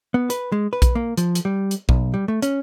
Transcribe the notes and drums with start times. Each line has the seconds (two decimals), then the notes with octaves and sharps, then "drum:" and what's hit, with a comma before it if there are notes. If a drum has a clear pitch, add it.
0.14 B3
0.30 B4, drum: hi-hat
0.52 G#3
0.73 B4
0.82 drum: kick A#1, hi-hat
0.95 A#3
1.17 F3, drum: hi-hat
1.35 drum: hi-hat
1.45 G3
1.71 drum: hi-hat
1.89 B1, drum: kick A#1
2.14 G3
2.28 A3
2.42 C#4, drum: hi-hat